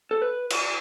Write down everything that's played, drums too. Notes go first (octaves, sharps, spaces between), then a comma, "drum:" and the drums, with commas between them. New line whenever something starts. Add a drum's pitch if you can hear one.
A4
B4
drum: cymbal